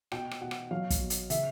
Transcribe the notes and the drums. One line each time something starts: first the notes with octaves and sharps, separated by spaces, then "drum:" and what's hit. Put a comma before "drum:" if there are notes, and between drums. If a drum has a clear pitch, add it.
B2 G5, drum: rim click
drum: rim click
B2 F#5
drum: rim click
F#3 F5
drum: kick, hi-hat
B2
drum: hi-hat
C#3 E5, drum: hi-hat